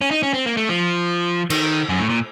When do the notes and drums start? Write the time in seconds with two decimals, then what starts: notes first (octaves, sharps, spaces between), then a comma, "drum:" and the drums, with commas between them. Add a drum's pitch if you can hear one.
0.01 C#4
0.11 D#4
0.23 C#4
0.34 C4
0.46 A#3
0.57 A3
0.69 F3
1.50 D#3, drum: cymbal
1.89 F#2
1.99 A2
2.09 A#2